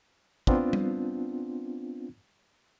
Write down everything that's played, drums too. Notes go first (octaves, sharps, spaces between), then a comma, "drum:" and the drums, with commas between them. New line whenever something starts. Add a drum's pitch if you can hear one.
B3 C4 D4 F4, drum: kick
drum: tom G3